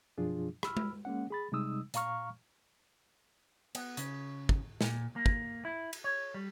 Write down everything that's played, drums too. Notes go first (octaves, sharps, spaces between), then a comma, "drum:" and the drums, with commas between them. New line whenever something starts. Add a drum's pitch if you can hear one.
F#2 B2 F3 D4 F4 G#4
B5 E6 F6, drum: rim click
drum: tom G#3
G#3 A#3 C#4 F#5
G#4 B5 A6
C3 G3 G#3 D#4 D#6 E6
A#2 F5 A#5 C#6 F6, drum: hi-hat
B3, drum: cymbal
C#3, drum: hi-hat
drum: kick
A#2, drum: snare
A#3
drum: kick
E4
drum: cymbal
C#5
G3